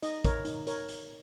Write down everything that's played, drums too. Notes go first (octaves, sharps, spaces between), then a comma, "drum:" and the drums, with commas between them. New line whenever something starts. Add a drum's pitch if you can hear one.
D#4 D#5, drum: hi-hat
A#4 C#5, drum: kick A1, hi-hat
D#4, drum: hi-hat
A#4 C#5, drum: hi-hat
drum: hi-hat